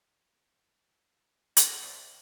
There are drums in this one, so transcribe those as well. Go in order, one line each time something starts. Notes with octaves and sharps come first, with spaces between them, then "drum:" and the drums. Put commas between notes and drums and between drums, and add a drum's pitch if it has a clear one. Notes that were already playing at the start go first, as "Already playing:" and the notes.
G#4 D#5, drum: hi-hat
C5 D5 E5 A5 B5